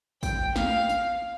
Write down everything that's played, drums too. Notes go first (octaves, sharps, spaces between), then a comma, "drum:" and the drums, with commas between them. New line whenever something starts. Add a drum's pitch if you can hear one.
G5, drum: kick A1, tambourine
F5, drum: snare
drum: tambourine